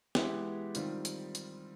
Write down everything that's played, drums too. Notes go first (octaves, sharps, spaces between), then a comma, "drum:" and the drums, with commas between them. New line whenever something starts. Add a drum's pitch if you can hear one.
E3 G#3 B3 E4 G4, drum: snare
D#3 G3 C4 F4, drum: hi-hat
drum: hi-hat
drum: hi-hat